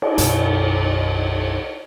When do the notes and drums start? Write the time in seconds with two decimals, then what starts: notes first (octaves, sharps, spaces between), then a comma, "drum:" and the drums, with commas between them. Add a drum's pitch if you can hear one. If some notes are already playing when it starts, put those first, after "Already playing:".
0.02 drum: cymbal
0.18 B1 F#2, drum: hi-hat